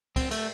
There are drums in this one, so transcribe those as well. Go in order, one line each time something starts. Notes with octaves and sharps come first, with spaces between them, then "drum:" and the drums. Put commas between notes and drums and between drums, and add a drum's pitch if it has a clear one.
C4, drum: kick, cymbal
A3, drum: cymbal